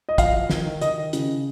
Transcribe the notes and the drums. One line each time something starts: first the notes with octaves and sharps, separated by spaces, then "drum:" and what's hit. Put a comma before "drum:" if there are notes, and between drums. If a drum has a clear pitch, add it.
D#5
F3 F5, drum: kick, hi-hat
F3
D#3, drum: snare
D#3
D#3 D#5, drum: hi-hat
D#3
C#3, drum: hi-hat